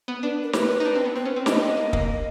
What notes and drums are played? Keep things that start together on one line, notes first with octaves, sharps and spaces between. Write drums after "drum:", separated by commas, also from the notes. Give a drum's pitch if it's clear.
B3
D4 B4
A#4
B4, drum: snare
D#4
D4
C4
B3
C4 B4
C#4 C5
C4 C5
D4 D#5, drum: snare
C4
B3
A#3
A#3, drum: kick